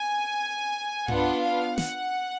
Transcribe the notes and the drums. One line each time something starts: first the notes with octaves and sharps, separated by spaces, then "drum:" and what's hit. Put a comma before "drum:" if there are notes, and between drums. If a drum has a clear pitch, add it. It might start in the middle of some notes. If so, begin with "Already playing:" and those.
Already playing: G#5
B3 D4 F4 F#5, drum: tom G2
F5
F#5, drum: snare